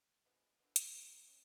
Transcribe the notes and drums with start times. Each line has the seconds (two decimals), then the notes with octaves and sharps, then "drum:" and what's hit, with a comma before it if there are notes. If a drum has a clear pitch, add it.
0.25 D3 F3 G#3 B3
0.59 D3 F3 G#3 B3
0.76 drum: hi-hat
0.95 D3 F3 G#3 B3
1.28 C#4 F#4